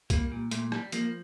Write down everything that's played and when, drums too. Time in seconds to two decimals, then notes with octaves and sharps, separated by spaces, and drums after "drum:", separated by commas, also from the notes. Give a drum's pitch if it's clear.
0.10 G3 A#3, drum: kick C2, hi-hat
0.32 A#2
0.51 A#2 A3, drum: hi-hat
0.72 G3, drum: rim click
0.92 F3 A#3, drum: hi-hat